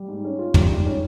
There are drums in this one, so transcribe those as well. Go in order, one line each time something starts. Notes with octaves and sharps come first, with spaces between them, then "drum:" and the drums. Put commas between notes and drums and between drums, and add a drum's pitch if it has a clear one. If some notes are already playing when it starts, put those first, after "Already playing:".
Already playing: G3
G#2
C#4
F4
G3, drum: tom
G#2
C#4